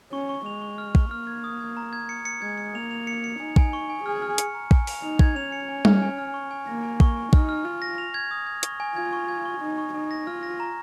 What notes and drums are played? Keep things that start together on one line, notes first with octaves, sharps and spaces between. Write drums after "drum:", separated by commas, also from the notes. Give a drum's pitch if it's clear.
C#4 C#6
C#6
G#3 F7
C#6
F6
C#6, drum: kick
A#3 F6
G#6
D#6
G#6
A#5
G#6
C#7
C#7
G#3 G#6
C#7
A#3 F7
F7
C#7
C#7
D#4 G#5
G#5, drum: kick
C#6
G#5
G#4 F6
F6
C#7, drum: hi-hat
A#5
G#5, drum: kick
F7, drum: open hi-hat
D#4 F7
G#6, drum: kick
C#4 F7
C#7
G#5
F6, drum: tom G3
G#5
F6
C#6
G#5
A#3 A#6
G#5
C#6, drum: kick
G#5
D#4 F6, drum: kick
F6
F4 F6
A#6
F7
G#6
D#6
G#6
C#6, drum: hi-hat
G#5
F4 G#6
C#6
G#6
C#6
D#4 C#6
C#6
D#4 G#5
A#6
F4 F6
A#6
A#5